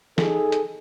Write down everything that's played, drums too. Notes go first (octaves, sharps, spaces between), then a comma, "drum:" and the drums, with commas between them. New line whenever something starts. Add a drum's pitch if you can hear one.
D#4 G#4 A4, drum: snare
drum: hi-hat